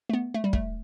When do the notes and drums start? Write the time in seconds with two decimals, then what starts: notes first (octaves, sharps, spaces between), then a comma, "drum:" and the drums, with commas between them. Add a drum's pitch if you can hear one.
0.09 A3
0.13 B3
0.34 A3
0.44 G3
0.53 A3, drum: kick